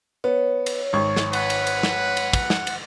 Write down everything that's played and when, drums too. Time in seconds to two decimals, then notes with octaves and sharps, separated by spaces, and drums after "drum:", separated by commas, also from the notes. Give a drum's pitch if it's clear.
0.24 B3 C#5
0.66 drum: cymbal
0.93 G#1 C#6
1.16 drum: snare
1.33 B4 F#5, drum: cymbal
1.50 drum: cymbal
1.67 drum: cymbal
1.83 drum: snare
2.17 drum: cymbal
2.33 drum: kick, cymbal
2.50 drum: snare
2.67 drum: cymbal